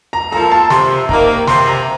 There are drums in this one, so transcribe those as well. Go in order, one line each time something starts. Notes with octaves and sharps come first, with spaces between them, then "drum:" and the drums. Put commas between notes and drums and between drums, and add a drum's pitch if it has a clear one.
A#5
F3 A#3 F4 A4 A#5
A5
C3 C6, drum: snare
D#3 A#3 A#5, drum: kick
C3 C6, drum: snare
A#5